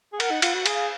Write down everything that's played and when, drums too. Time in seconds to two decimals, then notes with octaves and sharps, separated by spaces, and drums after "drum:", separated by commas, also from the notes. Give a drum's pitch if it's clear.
0.13 G#4
0.20 A#4 F#5, drum: cymbal
0.31 D#4
0.42 F4, drum: cymbal
0.55 F#4
0.66 G#4 F5, drum: cymbal